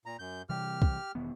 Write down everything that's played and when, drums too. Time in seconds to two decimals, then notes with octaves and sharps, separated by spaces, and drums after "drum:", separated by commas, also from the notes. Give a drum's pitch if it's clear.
0.06 A#2 A#5
0.19 F#2 G6
0.49 C3 E3 G3 G4 F6
0.82 drum: kick
1.15 E1 D#3 B3